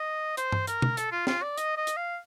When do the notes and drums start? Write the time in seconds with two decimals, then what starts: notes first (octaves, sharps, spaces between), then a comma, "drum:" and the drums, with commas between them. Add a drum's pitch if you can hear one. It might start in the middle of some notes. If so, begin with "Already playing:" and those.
Already playing: D#5
0.37 C5, drum: hi-hat
0.52 drum: tom G2
0.67 A#4, drum: hi-hat
0.82 drum: tom
0.97 A4, drum: hi-hat
1.12 F4
1.27 F4, drum: snare
1.42 D5
1.58 D#5, drum: hi-hat
1.77 D#5
1.87 drum: hi-hat
1.97 F5